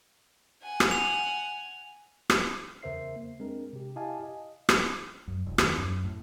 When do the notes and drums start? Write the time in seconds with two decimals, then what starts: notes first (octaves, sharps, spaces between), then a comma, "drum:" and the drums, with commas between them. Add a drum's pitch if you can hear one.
0.62 F#5 G#5
0.80 drum: rim click
0.91 F7
2.30 drum: rim click
2.83 E2 C#3 A#4 C5 E5 C7
3.16 A#3
3.40 G#3 C4 D4 A#4
3.73 C3 G4
3.96 E4 G4 D#5 F5 G#5 A5
4.23 D#5
4.69 drum: rim click
5.28 F#2
5.47 E1
5.58 D#2, drum: rim click
5.78 F#2
6.04 A2